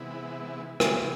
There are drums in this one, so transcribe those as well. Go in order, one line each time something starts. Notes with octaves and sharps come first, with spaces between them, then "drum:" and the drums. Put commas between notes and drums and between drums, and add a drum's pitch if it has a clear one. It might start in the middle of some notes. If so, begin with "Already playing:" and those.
Already playing: C3 E3 G#3 B3 E4
C3 E3 G#3 B3 E4, drum: rim click